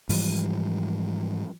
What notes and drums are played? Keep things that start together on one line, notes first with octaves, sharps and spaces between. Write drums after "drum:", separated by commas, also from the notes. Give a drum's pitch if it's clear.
G#2 E3 F3 G3, drum: open hi-hat